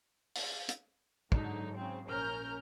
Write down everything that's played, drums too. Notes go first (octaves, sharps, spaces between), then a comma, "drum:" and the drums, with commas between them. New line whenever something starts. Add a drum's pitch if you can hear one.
drum: open hi-hat
drum: hi-hat
G#2 D3 F#3 D#4, drum: kick
C#3 C4
A#1 C#4 A#4 A#5 F6 G6